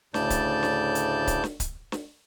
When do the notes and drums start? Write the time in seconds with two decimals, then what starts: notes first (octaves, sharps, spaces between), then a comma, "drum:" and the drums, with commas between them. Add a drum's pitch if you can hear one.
0.14 D2 A2 C#3 D5 A5 G6, drum: snare
0.30 drum: kick C#1, hi-hat
0.63 drum: snare
0.95 drum: hi-hat
1.27 drum: kick C#1, hi-hat
1.44 drum: snare
1.60 drum: kick C#1, hi-hat
1.92 drum: snare